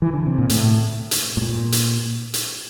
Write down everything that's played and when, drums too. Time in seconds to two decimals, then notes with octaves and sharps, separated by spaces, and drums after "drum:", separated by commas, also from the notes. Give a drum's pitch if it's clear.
0.02 E3
0.13 D3
0.26 C3
0.38 A#2
0.49 A2, drum: hi-hat
1.11 drum: hi-hat
1.37 A2
1.41 A#2
1.72 drum: hi-hat
2.34 drum: hi-hat